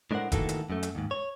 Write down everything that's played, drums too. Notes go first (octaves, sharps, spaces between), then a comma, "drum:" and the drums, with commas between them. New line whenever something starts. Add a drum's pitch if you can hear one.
A2 G#3 D4 A#4 C5 F#5
D#3 E3 A3 A#3 F#4 A4, drum: kick, hi-hat
drum: hi-hat
F#2 A3
drum: hi-hat
D#2 G#2
C#5